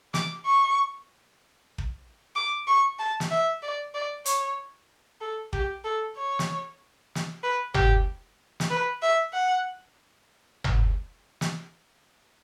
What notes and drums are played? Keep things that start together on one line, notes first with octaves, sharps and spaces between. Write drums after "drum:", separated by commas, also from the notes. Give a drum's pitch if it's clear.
D6, drum: snare
C#6
drum: kick
D6
C#6
A5
drum: snare
E5
D5
D5
C#5, drum: hi-hat
A4
G4, drum: kick
A4
C#5
drum: snare
drum: snare
B4
G4, drum: tom G1
drum: snare
B4
E5
F#5
drum: tom G1
drum: snare